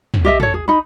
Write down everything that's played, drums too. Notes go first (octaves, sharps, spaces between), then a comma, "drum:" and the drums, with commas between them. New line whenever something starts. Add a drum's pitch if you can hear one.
drum: tom
G4 D#5 E5
A4 C#5, drum: tom
G#4
D#4 B5